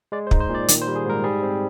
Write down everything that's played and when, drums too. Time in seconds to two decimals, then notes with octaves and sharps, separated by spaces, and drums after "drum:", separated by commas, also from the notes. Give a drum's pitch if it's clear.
0.12 G#3 D5
0.27 C5
0.31 D#4, drum: kick
0.40 C5
0.49 A#2
0.55 D5
0.68 D#3 D5, drum: hi-hat
0.82 C5
0.88 G3
0.96 G#4
1.06 G#2 A#4
1.24 G3 G#4
1.43 C4